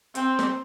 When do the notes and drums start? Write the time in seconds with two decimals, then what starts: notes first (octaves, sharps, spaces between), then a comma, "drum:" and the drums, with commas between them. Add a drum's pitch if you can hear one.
0.15 C4, drum: hi-hat
0.39 drum: snare